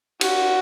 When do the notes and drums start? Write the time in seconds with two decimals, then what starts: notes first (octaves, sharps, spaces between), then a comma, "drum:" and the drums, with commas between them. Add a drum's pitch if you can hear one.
0.21 F#4, drum: cymbal